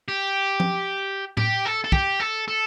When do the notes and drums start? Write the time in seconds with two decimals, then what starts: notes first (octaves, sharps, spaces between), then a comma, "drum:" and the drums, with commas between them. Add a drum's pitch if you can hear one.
0.08 G4
0.60 drum: tom
1.37 G4, drum: tom A2
1.65 A4
1.84 A4
1.92 G4, drum: kick
2.20 A4
2.48 A4